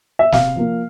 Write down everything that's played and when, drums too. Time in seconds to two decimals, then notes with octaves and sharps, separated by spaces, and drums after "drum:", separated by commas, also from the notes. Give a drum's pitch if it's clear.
0.19 E5
0.32 C3 F5, drum: snare
0.56 F3 A#3